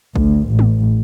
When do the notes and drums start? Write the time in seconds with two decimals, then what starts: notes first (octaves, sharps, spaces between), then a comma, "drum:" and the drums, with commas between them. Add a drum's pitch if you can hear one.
0.16 D2, drum: kick
0.48 A1
0.59 drum: tom